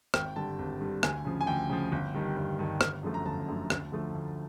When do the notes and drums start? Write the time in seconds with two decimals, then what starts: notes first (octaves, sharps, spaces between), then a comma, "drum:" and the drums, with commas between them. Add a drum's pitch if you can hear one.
0.14 G#1 G5, drum: rim click
0.36 G2 D3 G3 A5
0.59 G#1
0.80 G2 D3 G3
1.03 D2 G#5, drum: rim click
1.25 C#3 F3
1.41 G#5
1.47 D2 G5
1.70 C#3 F3
1.92 G1
2.14 G2 D#3 G3
2.36 G1
2.59 G2 D#3 G3
2.81 G1, drum: rim click
3.03 F#2 D3 F3 A3
3.14 A#5
3.25 G1 A5
3.48 F#2 D3 F3 A3
3.70 D2, drum: rim click
3.92 D3 F3 A3
4.15 D2